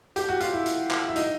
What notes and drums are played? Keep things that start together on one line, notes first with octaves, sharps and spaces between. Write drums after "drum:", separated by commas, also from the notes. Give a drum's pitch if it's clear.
G4, drum: hi-hat
F#4
F4, drum: hi-hat
E4
drum: hi-hat
drum: clap
E4
D#4, drum: hi-hat